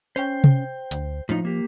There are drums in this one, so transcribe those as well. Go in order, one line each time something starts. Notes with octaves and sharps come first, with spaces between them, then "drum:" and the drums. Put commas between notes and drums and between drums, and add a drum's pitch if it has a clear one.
C#4 C5 G5
drum: tom C3
D2, drum: hi-hat
A2 F3 D#4
A#3 G4